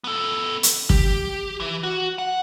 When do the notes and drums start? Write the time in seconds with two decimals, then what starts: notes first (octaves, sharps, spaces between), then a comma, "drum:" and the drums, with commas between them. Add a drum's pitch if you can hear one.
0.04 B3 A4
0.63 drum: hi-hat
0.90 G4, drum: kick F#1
1.60 E3
1.83 F#4
2.18 F#5